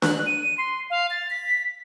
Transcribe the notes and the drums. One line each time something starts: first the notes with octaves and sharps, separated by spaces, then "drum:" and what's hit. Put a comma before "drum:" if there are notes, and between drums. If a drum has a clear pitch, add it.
F#6, drum: snare D4
D#7
C6
F5
A6
B6